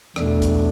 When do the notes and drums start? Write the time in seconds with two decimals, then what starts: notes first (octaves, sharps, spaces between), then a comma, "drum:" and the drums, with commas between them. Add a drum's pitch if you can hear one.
0.16 E2 B2 A3 D4, drum: rim click
0.42 drum: kick, hi-hat